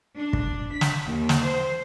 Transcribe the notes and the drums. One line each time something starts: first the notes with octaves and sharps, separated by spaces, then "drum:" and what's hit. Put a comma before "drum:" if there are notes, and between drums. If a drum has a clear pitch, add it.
D4
drum: kick
B6
drum: snare
D#2
drum: snare
C5